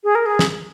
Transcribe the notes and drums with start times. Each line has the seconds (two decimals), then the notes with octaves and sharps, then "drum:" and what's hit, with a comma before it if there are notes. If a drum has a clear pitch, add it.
0.04 G#4
0.15 A#4
0.26 G#4
0.39 drum: snare